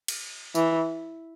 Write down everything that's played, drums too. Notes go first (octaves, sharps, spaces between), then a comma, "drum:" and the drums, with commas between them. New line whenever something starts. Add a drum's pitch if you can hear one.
drum: cymbal
E3, drum: tambourine